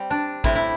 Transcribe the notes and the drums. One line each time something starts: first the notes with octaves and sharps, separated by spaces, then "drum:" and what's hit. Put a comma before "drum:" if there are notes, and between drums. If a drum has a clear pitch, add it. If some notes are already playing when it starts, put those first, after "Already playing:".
Already playing: G3 C4
D4
A2 G3 C4 E4, drum: kick
E4